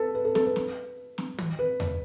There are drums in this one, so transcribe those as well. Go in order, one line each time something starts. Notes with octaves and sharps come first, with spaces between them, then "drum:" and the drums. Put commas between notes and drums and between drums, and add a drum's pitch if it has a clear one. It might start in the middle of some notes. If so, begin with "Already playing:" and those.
Already playing: A4 B4
B4
A4
A4, drum: snare
B4
drum: snare
drum: snare
drum: tom
B4
drum: tom E2